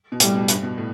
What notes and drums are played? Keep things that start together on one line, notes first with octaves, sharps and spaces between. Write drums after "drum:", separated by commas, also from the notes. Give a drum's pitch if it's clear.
B2
A2 G3, drum: hi-hat
B2
G2, drum: hi-hat
B2
A2